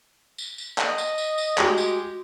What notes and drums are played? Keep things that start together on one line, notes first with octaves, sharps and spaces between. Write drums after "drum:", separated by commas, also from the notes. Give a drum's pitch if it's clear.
drum: tambourine
drum: tambourine
drum: clap
D#5
drum: tambourine
drum: tambourine
drum: tambourine
G#3 F#4 G4, drum: clap
drum: tambourine